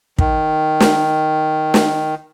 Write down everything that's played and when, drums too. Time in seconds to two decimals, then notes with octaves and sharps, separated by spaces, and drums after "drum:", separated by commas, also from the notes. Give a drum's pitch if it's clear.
0.19 D#3, drum: kick
0.80 drum: snare
1.74 drum: snare